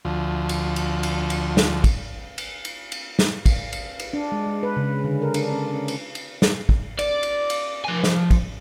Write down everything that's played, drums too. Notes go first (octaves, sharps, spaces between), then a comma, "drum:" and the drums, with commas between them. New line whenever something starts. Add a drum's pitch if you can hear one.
D2 F3
drum: cymbal
drum: cymbal
drum: cymbal
drum: cymbal
drum: snare
drum: kick, cymbal
drum: cymbal
drum: cymbal
drum: cymbal
drum: snare
drum: kick, cymbal
drum: cymbal
drum: cymbal
D4
G#3
G#3
B4
C#3
D3
A#4
D4, drum: cymbal
C#4
C#4
drum: cymbal
drum: cymbal
drum: snare
drum: kick
D5, drum: cymbal
drum: cymbal
drum: cymbal
F3 G#5
drum: snare
drum: kick, cymbal